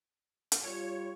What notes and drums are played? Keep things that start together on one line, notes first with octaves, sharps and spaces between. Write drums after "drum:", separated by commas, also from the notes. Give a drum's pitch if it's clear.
drum: hi-hat
G3 F4 C#5